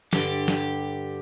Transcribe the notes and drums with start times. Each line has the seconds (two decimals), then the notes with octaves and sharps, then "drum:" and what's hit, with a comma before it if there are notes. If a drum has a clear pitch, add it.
0.13 G2 D3 G3 D4 G4, drum: snare
0.48 drum: snare